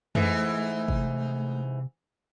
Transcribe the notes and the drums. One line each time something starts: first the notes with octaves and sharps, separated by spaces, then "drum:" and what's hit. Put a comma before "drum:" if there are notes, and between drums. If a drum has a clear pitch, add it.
G#2 E3 A3, drum: tom F2
C3, drum: kick